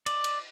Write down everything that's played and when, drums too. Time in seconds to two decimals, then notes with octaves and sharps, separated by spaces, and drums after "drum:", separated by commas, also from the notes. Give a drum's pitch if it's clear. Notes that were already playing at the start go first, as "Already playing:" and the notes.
0.06 D5, drum: cymbal
0.24 drum: cymbal